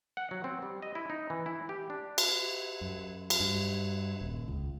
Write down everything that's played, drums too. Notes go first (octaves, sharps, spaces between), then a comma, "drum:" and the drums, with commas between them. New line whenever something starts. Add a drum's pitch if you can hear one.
F#5
F#3
C4
G3
D#5
E4
D#4
E3
E4
G4
D4
drum: cymbal
F#2
drum: cymbal
G2
D#1
C#2